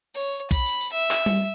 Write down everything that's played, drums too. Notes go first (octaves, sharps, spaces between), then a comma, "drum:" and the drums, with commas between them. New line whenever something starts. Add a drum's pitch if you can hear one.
C#5
B5, drum: kick B1, tambourine
drum: tambourine
drum: tambourine
E5
drum: clap
drum: tom G3